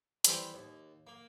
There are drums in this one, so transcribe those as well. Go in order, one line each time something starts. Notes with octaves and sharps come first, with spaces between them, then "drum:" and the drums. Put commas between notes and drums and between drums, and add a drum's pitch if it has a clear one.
E3 G3 B3 A4 B4 C5, drum: hi-hat
D#2
A#3